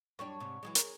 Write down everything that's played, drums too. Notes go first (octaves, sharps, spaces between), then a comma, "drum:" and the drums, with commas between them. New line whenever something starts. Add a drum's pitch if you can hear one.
F#2 G3 D4 C#5
G#2 C3
E3 F#3 G#3
G#4 A#4, drum: hi-hat